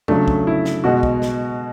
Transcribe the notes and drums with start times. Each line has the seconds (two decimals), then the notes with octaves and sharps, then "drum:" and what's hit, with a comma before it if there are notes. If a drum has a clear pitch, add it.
0.08 C#3 F#3 A3 D4, drum: tom E2
0.28 drum: kick
0.47 E4
0.65 drum: snare
0.84 B2 G#3 F#4
1.03 drum: kick
1.22 drum: snare